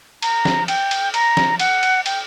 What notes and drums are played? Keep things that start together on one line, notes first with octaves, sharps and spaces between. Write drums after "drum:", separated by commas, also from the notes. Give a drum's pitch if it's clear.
A#5, drum: cymbal
drum: snare
G5, drum: cymbal
drum: cymbal
A#5, drum: cymbal
drum: snare
F#5, drum: cymbal
drum: cymbal
G5, drum: cymbal